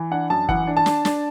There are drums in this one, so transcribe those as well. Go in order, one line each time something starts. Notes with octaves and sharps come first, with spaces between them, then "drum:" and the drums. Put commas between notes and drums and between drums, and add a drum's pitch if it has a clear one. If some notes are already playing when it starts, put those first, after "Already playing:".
Already playing: E3
D4 F#5
F#2 A5
E3 F#5, drum: kick
D4
A5
D4, drum: snare
D4, drum: snare